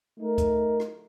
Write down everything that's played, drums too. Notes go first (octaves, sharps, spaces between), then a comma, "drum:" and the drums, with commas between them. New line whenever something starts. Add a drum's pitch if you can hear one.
A3 D#4 A#4
drum: kick, hi-hat
drum: rim click